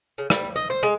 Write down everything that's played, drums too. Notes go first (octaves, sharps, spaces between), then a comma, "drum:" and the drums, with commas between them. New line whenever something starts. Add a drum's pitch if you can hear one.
C#3
G3, drum: rim click
D#5
C5
G#3